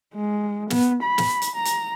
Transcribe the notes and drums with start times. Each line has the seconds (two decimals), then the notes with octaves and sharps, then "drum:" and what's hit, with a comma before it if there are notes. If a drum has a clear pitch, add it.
0.15 G#3
0.70 B3, drum: snare
1.03 B5
1.18 drum: snare
1.42 drum: hi-hat
1.56 A#5
1.65 drum: hi-hat